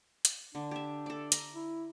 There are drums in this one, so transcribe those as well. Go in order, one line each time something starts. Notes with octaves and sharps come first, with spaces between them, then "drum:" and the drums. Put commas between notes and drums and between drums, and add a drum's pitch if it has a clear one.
drum: hi-hat
D3 D4
G4 E5
A4 D5
A#5, drum: hi-hat
E4